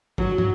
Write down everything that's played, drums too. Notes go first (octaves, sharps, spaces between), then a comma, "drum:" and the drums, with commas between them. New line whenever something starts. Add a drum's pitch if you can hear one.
F#3, drum: kick
drum: tom